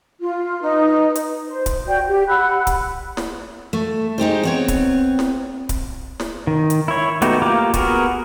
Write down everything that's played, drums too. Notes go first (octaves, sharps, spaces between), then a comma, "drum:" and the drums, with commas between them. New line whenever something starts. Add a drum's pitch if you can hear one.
F4
D#4 B4 D#5
drum: hi-hat
C5
drum: kick C#1, hi-hat
F#4 D5 G5 G6
G4
F#5 B5 E6 F#6
drum: kick C#1, hi-hat
drum: snare
A3
G#3 D#4 G4 C5
B3 C4 C#5
drum: kick C#1, hi-hat
drum: snare
drum: kick C#1, hi-hat
drum: snare
D#3
drum: hi-hat
E4 C#5
A3 B3 D#4 F#4 G4, drum: hi-hat
A#3 F4 G4 A#5 D6
B3 F#4 G#4 A#4, drum: kick C#1, hi-hat